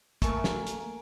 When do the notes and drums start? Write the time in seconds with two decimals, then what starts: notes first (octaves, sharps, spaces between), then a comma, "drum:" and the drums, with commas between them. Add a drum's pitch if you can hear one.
0.22 A3 A#3 A#4 G#5 C#6, drum: kick, hi-hat
0.44 drum: snare
0.67 drum: hi-hat